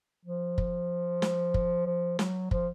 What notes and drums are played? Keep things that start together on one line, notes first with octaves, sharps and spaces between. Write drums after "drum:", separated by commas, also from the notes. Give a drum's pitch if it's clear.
F3
drum: kick
drum: snare
drum: kick
F3
F#3, drum: snare
F3, drum: kick